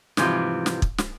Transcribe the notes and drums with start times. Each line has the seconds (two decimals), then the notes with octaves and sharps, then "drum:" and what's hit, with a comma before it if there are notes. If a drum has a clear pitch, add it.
0.17 G#2 C3 E3 F3 G3, drum: snare
0.66 drum: snare
0.82 drum: kick
0.98 drum: snare